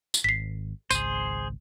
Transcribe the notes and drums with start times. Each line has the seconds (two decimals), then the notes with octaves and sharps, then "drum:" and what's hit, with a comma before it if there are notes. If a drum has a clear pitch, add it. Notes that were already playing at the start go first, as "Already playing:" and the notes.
0.14 drum: tambourine
0.24 G#1 B6 C7
0.91 G#1 C#2 G#4 C5 D#7, drum: tambourine